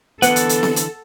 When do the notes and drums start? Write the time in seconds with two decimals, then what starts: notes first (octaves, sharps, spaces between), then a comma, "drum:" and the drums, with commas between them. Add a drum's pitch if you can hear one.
0.22 D3 E3 B3 A4 B4 F#5, drum: hi-hat
0.36 drum: hi-hat
0.49 drum: hi-hat
0.63 drum: snare C4
0.76 drum: hi-hat